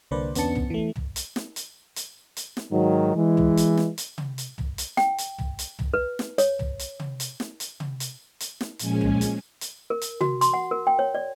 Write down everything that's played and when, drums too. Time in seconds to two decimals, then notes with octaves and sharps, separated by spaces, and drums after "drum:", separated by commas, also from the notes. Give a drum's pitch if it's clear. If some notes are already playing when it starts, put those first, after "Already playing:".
0.11 C2 D3 A#3 B4 C5 D5
0.35 E2 B3 C#4 D4 A5 C#7, drum: hi-hat
0.55 drum: tom
0.70 E3 A3
0.96 drum: tom
1.16 drum: hi-hat
1.36 drum: snare
1.56 drum: hi-hat
1.96 drum: hi-hat
2.37 drum: hi-hat
2.57 drum: snare
2.71 G#2 D#3 F#3
3.15 E3 G#3
3.37 drum: tom
3.57 drum: hi-hat
3.77 drum: snare
3.98 drum: hi-hat
4.18 drum: tom
4.38 drum: hi-hat
4.58 drum: tom
4.78 drum: hi-hat
4.97 G5, drum: snare
5.18 drum: hi-hat
5.38 drum: tom
5.59 drum: hi-hat
5.79 drum: tom
5.94 B4
6.19 drum: snare
6.38 C#5, drum: hi-hat
6.59 drum: tom
6.79 drum: hi-hat
7.00 drum: tom
7.20 drum: hi-hat
7.40 drum: snare
7.60 drum: hi-hat
7.80 drum: tom
8.00 drum: hi-hat
8.40 drum: hi-hat
8.61 drum: snare
8.79 A#2 F3 G#3 C#4 G#5, drum: hi-hat
9.01 drum: tom
9.21 drum: hi-hat
9.61 drum: hi-hat
9.90 A#4
10.01 drum: hi-hat
10.21 F#4, drum: tom
10.41 C6, drum: hi-hat
10.54 F#5
10.71 A#4
10.87 G5
10.99 C#5
11.15 D5